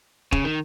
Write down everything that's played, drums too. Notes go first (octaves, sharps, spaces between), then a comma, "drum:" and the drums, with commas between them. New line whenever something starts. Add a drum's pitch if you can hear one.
C#3, drum: kick E1
D#3